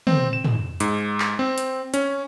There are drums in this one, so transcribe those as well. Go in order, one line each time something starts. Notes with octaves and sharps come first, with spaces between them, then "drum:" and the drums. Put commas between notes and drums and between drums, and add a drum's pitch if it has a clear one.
C4, drum: tom
E7
drum: tom
G#2, drum: hi-hat
drum: clap
C4
drum: hi-hat
C#4, drum: hi-hat